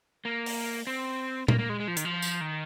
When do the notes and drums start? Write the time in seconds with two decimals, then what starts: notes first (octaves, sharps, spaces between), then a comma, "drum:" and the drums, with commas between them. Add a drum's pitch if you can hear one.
0.25 A#3
0.46 drum: open hi-hat
0.87 C4
1.48 A#3, drum: tom A#2
1.59 A#3
1.69 G#3
1.80 G#3
1.88 F3
1.97 D#3, drum: hi-hat
2.05 F3
2.22 drum: tambourine
2.41 D#3